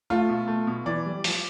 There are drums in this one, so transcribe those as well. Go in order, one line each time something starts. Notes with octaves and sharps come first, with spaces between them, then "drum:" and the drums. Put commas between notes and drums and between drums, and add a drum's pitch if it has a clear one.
A3 F4
B2
A3
B2
E3 D5
G3
F3, drum: open hi-hat